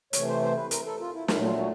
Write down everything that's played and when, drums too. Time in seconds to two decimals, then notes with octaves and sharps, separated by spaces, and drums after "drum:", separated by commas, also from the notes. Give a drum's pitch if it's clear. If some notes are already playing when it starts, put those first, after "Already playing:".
0.13 C3 E3 A3 C#5, drum: hi-hat
0.28 C5
0.42 C5
0.56 B4
0.71 A#4, drum: hi-hat
0.86 A4
1.00 F4
1.14 E4
1.28 A#2 F#3 A3 E4, drum: snare
1.44 F4
1.58 F#4